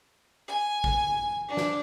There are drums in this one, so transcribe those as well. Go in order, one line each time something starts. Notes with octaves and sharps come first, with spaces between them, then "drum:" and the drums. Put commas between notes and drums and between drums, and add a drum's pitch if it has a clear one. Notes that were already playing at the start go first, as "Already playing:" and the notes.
G#5
drum: kick
D4
drum: snare